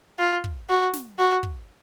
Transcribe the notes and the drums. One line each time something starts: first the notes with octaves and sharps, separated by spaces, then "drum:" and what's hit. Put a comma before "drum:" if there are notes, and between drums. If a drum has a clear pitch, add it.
F4
drum: kick
F#4
drum: snare
F#4
drum: kick